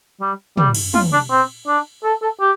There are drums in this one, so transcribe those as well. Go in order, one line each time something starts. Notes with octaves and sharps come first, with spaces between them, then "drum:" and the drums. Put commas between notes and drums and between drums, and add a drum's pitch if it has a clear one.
G3
G3, drum: tom
drum: cymbal
F4, drum: tom
D4
C4
D4
A4
A4
G4